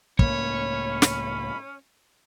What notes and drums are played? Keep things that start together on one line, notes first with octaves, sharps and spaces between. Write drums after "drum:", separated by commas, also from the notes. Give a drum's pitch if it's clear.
C#2 A2 A#3 C#4 C#5 B5, drum: kick
drum: snare